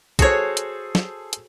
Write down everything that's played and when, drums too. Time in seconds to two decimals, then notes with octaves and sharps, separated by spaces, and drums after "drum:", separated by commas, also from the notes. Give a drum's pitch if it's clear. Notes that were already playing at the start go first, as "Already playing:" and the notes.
0.19 F#4 G#4 A4 C5 C#5, drum: kick, hi-hat
0.57 drum: hi-hat
0.95 drum: snare
1.33 drum: hi-hat